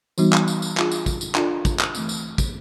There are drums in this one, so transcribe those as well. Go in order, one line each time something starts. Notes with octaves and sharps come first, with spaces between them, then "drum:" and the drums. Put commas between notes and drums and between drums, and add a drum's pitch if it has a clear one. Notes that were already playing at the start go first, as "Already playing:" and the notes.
E3 G3 B3 D#4 F#4, drum: tambourine
drum: clap
drum: tambourine
drum: tambourine
D4 F4 G#4, drum: clap
drum: tambourine
drum: kick, tambourine
drum: tambourine
D4 F4 A4 D5, drum: clap
drum: kick, tambourine
drum: clap
E3 A3 C4, drum: tambourine
drum: tambourine
drum: kick, tambourine